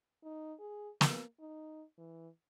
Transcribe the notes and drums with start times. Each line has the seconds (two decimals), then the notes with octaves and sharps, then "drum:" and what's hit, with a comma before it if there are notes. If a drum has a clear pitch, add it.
0.24 D#4
0.60 G#4
1.01 A#3, drum: snare
1.40 D#4
1.98 E3